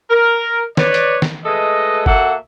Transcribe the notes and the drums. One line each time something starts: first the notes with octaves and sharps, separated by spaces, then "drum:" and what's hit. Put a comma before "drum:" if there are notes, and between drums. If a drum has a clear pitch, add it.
A#4
B4 C#5 D5, drum: snare
drum: hi-hat
drum: snare
G#3 A3 A4 B4 D#5
A#3 F#4 A4 E5 F#5, drum: kick G1